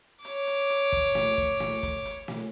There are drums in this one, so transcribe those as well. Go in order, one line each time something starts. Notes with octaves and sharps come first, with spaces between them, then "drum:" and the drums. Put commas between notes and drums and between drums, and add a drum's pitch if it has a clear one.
C#5 D6, drum: hi-hat
drum: hi-hat
drum: hi-hat
drum: kick, hi-hat
drum: snare
drum: kick
drum: snare
drum: kick, hi-hat
drum: hi-hat
drum: snare